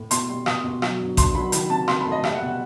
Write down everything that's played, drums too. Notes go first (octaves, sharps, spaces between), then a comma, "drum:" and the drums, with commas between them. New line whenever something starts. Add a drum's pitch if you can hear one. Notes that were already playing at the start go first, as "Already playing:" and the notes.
Already playing: A2
B2 C6, drum: hi-hat
G3
B2 D#6, drum: rim click
B2
F#3, drum: rim click
G2
G2 C6, drum: kick A1, hi-hat
F#3 B5
D#3 B5, drum: hi-hat
C3 A5
C3 C6, drum: rim click
B5
A3
D#5
G3 E5, drum: rim click
F#5
B2
F#5